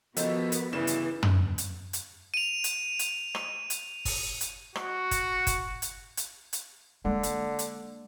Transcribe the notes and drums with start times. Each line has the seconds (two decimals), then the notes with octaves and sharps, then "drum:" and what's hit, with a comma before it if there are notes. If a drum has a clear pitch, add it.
0.17 D#3 F3 B3 F#4 G4 A4 B4 C5, drum: hi-hat
0.52 drum: hi-hat
0.73 G1 C#3 E3 G3 E7
0.87 drum: hi-hat
1.23 drum: tom
1.58 drum: hi-hat
1.93 drum: hi-hat
2.34 D#7 F7
2.64 drum: hi-hat
2.99 drum: hi-hat
3.35 drum: rim click
3.70 drum: hi-hat
4.05 drum: kick F#1, open hi-hat
4.41 drum: hi-hat
4.75 F#4, drum: rim click
5.11 drum: kick F#1, hi-hat
5.47 drum: kick F#1, hi-hat
5.82 drum: hi-hat
6.17 drum: hi-hat
6.53 drum: hi-hat
7.05 D3 G#3 A#3
7.23 drum: hi-hat
7.59 drum: hi-hat